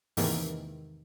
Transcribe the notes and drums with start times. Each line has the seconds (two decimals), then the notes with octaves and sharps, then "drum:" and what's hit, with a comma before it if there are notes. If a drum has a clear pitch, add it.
0.17 E2 G#2 C3 D#3 E3 A#3, drum: open hi-hat